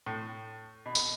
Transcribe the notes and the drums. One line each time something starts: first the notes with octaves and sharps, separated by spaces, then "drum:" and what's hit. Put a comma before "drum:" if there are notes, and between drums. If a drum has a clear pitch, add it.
A2
B2
drum: tambourine